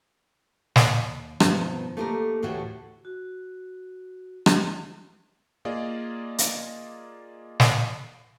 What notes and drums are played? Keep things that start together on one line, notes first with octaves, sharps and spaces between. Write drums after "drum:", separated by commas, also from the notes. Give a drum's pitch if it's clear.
D#2, drum: snare
G2 B2 D#3 F3 C4, drum: rim click
A3 A#3 D#4 G4 A4 A#4
D2 A2 E3 F#4 G4 C#5
F#4
drum: rim click
A#3 F4 G#4 D5 D#5 F5
drum: hi-hat
drum: snare